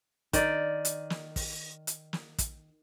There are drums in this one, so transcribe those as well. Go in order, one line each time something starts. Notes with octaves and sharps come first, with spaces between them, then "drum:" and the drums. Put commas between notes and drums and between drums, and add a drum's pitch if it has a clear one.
D#3 D5, drum: kick, hi-hat
drum: hi-hat
drum: snare
drum: kick, open hi-hat
drum: hi-hat
drum: snare
drum: kick, hi-hat